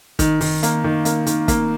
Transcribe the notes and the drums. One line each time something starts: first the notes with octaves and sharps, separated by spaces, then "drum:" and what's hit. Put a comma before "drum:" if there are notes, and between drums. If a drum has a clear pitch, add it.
D#3, drum: kick, hi-hat
D#3, drum: open hi-hat
A#3, drum: hi-hat
D#3
A#3, drum: hi-hat
D#3, drum: hi-hat
A#3, drum: kick, hi-hat